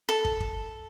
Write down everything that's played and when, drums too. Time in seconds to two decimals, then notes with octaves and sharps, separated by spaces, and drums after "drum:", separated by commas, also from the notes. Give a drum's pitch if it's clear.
0.09 A4
0.25 drum: kick
0.40 drum: kick